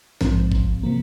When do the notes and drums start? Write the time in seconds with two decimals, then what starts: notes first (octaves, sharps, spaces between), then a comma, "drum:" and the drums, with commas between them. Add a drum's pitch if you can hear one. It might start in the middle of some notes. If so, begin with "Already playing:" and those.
0.21 A#1 G#2 F3 C4, drum: snare
0.52 drum: kick G1
0.83 C3 F3 A#3